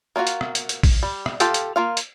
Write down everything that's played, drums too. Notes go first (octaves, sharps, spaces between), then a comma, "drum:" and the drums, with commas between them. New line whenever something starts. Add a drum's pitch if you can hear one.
A#3 C#4 F4 F#4 F5
drum: hi-hat
drum: rim click
drum: hi-hat
drum: hi-hat
drum: kick, open hi-hat
G3
drum: rim click
F4 G4 A4 F5 G5, drum: hi-hat
drum: hi-hat
A#3 F4 F5
drum: hi-hat